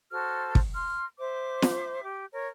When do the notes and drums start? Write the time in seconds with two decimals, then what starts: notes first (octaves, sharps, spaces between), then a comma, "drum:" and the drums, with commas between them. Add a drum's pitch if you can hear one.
0.11 F#4 A4 C5 F6
0.55 drum: kick
0.74 C6 F6
1.19 C5 E5 D6
1.62 drum: snare
2.04 G4
2.33 A#4 C#5